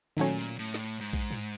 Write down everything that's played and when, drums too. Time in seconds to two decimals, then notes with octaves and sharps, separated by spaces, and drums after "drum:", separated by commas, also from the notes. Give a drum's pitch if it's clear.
0.17 A#2 D#3 F#3 A3 C#4
0.59 A2
0.74 drum: snare
1.01 G#2
1.13 drum: kick A#1
1.31 drum: tom G#2